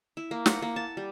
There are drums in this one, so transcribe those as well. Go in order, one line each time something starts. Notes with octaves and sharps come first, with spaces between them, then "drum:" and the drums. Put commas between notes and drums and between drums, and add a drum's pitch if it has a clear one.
E4
A#3
F#5, drum: snare
A#3
A5
G3